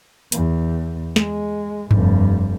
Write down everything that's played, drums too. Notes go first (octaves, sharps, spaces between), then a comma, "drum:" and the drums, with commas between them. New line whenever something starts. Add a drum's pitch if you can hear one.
E2, drum: hi-hat
G#3, drum: snare
F1 G2, drum: tom G2